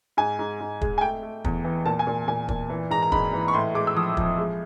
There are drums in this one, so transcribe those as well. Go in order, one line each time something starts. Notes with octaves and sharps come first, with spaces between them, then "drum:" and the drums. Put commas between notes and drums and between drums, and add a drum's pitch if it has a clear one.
G#2 G#5
G#2
G#2
G#3, drum: kick
G#5
A3 G5
A3
E2, drum: kick
E3
A#2 A5
G#5
A#2
A#2 G#5
A#2, drum: kick
E3
G#2 A#5
A#5
G#2 B5, drum: kick
E3
C#6
A2 C6
G#3 D6
E6
F3 D#6
F3, drum: kick
G#3